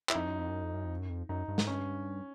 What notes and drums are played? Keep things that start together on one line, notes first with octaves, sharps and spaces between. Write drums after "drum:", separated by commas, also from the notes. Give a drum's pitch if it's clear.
E4, drum: clap
F2 D#4
F#2
F2
F#2
F2
F#2
F2
F#2
F2
F#2 D#4
G2
G#2, drum: snare
G2 C#4